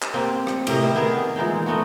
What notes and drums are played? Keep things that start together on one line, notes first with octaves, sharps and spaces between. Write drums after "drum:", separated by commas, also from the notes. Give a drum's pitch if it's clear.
drum: clap
A#3 C4 G4
drum: rim click
A2 C3 A#4 D#5, drum: cymbal
E4 E5
D#3 B3 G#4 A#4
A#2 E3 G#3 D#4
A3 B3 D#4 F#4